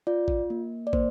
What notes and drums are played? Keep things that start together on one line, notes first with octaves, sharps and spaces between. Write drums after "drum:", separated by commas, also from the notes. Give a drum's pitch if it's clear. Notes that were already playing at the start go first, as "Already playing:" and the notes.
F4 D5
drum: kick
A#3
D5
A#3 C5, drum: kick